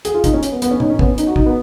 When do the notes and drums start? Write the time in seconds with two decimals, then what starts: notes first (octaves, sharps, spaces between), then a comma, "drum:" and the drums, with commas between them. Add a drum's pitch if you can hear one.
0.05 G#4, drum: hi-hat
0.14 F4
0.24 D#4, drum: kick, hi-hat
0.33 C#4
0.43 drum: hi-hat
0.52 B3
0.62 B3, drum: hi-hat
0.71 C#4
0.80 D#4, drum: tom
0.90 C#4
0.99 B3, drum: kick
1.08 C#4
1.18 D#4, drum: hi-hat
1.27 F#4
1.36 D#4, drum: kick
1.46 B3